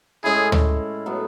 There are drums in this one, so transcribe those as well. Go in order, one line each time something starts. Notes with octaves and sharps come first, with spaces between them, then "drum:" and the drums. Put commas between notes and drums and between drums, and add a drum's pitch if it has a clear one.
A2 G#3 C#4 E4 G#4
drum: tom D2
A2 F#3 B3